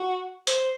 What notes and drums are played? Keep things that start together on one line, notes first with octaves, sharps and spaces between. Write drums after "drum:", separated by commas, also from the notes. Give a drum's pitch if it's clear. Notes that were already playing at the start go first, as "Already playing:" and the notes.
Already playing: F#4
C5, drum: hi-hat